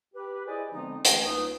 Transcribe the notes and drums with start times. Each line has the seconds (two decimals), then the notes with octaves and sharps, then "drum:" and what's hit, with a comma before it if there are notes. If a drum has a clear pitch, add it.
0.14 G4 B4
0.47 E4 G#4 C5 D5 D#5 G#5
0.72 D3 F3 G#3 B3 C4 D#4
1.05 E3 A3 C#4 F#4 B4 C#5, drum: hi-hat
1.25 C2 A#3 D#4 F4 B4 D#6